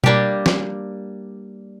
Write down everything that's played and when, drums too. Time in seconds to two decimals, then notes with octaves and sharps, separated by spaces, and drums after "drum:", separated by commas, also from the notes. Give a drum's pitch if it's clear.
0.04 G3 A#3 D4 G4, drum: tom B2
0.46 drum: snare